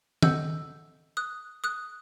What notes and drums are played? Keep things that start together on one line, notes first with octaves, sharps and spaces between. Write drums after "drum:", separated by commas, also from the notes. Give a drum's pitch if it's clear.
A4 D#5 F#5 E6 G6, drum: tom D#3
D#6 F#6
D#6 F#6